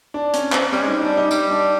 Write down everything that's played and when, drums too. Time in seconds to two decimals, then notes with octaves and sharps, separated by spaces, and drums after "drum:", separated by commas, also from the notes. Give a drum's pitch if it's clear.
0.14 D4
0.33 C#4, drum: hi-hat
0.52 C4, drum: clap
0.72 G3 C#4
0.82 G#3
0.87 G3 D#4
1.02 D4
1.17 D#4
1.31 G3, drum: tambourine
1.50 D4